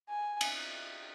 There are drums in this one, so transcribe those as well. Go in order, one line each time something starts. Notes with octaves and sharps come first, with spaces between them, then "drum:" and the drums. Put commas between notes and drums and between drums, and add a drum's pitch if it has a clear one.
G#5
drum: cymbal